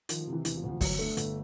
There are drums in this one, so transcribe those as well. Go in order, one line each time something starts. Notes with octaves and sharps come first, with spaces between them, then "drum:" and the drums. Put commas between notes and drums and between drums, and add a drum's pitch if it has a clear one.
D#3 F3, drum: hi-hat
F3
C3
E3
E1 E3, drum: hi-hat
F3
D2
F3
G1 F#3, drum: kick, open hi-hat
D3 A3
G1, drum: hi-hat